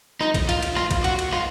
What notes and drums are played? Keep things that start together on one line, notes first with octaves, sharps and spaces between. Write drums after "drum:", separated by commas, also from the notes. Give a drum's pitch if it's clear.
D#4, drum: rim click
drum: kick A#1, cymbal
F4, drum: cymbal
drum: cymbal
F4, drum: rim click
drum: kick A#1, cymbal
F#4, drum: cymbal
drum: cymbal
F4, drum: rim click